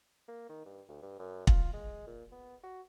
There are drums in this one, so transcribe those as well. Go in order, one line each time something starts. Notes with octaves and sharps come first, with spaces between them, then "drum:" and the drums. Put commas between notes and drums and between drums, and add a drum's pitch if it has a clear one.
A#3
D#3
G2
D2
G2
F#2
F4, drum: kick
G#3
A#2
B3
F#4